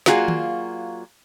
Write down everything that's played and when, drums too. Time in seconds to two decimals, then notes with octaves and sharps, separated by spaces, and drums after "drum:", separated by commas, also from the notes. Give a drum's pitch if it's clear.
0.06 F#3 A#3 F4 F#4 G#4 D5, drum: snare
0.28 drum: tom D#3